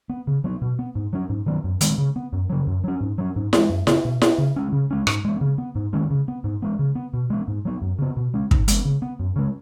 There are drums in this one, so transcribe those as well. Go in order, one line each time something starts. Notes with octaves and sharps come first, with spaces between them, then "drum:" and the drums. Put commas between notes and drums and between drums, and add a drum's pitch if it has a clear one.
B3
C#3
F#3 B3
B2
B3
G#2
F#3 C#4
G#2
D#3 F#3 B3
F#2
D#3 G#3 B3, drum: hi-hat
C#3
B3
F#2
C#3 F#3
F#2
F#3 C#4
G#2
F#3 C#4
G#2
G#3 B3, drum: snare E4
F#2
C#3 B3, drum: snare E4
B2
B3, drum: snare E4
C#3
G#3 C#4
C#3
G#3 C#4
G#2, drum: rim click
G#3 B3
C#3
B3
G#2
D#3 G#3 C#4
C#3
B3
G#2
G#3 B3
C#3
B3
B2
G#3 B3
G#2
F#3 B3
F#2
C#3 B3
B2
G#3 C#4
G#2, drum: kick
G#3 B3, drum: hi-hat
C#3
B3
F#2
C#3 G#3